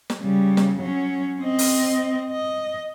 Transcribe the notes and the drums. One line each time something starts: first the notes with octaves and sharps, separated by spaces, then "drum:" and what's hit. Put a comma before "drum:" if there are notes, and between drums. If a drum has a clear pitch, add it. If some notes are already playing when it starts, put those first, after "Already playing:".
drum: snare
C#3 G3
drum: snare
F#3 C#4
C4 D#5
drum: open hi-hat
D#5